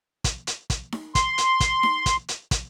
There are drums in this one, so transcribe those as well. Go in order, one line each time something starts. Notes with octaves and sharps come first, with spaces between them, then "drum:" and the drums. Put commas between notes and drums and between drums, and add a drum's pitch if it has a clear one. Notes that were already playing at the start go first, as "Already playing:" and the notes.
drum: kick, hi-hat
drum: hi-hat
drum: kick, hi-hat
drum: snare D#4
C6, drum: kick, hi-hat
drum: hi-hat
drum: kick, hi-hat
drum: snare D#4
drum: kick, hi-hat
drum: hi-hat
drum: kick, hi-hat